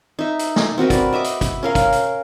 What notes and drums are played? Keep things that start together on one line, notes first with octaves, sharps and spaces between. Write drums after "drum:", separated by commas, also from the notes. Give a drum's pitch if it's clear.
D#4 E5
drum: hi-hat
drum: snare
C4 F#4 A#4 B4
D5, drum: kick, hi-hat
D#5 E5 B5 D6
drum: hi-hat
drum: kick, hi-hat
C#4 A#4 F5
drum: kick, hi-hat
drum: hi-hat